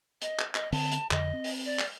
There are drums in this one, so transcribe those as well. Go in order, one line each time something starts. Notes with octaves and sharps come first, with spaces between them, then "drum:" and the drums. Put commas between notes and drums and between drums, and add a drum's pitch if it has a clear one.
D#5, drum: hi-hat
drum: clap
D#5, drum: clap
D3 C4 A5, drum: open hi-hat
drum: hi-hat
F2 D3 D#5, drum: clap
C4
drum: open hi-hat
D5
drum: clap